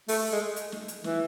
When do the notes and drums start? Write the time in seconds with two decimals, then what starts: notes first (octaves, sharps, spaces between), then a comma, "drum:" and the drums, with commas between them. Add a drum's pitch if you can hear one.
0.08 A3, drum: open hi-hat
0.32 G#3
0.56 drum: hi-hat
0.72 drum: snare
0.88 drum: hi-hat
1.04 E3, drum: snare